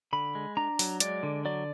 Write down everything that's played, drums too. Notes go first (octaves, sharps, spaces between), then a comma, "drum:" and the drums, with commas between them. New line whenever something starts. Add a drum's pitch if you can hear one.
D3 B5
G#3
D4 A#5
F#3, drum: open hi-hat
G#3 D5, drum: hi-hat
D3
F#3 D5